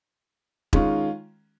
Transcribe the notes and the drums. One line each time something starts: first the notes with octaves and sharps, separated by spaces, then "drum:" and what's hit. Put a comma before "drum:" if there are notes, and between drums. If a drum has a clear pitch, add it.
D#3 G#3 C#4 F4, drum: kick E1